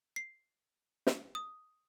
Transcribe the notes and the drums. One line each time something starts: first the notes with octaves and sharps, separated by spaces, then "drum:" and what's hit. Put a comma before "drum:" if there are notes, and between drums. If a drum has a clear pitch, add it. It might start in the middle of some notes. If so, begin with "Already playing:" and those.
C7
drum: snare
D#6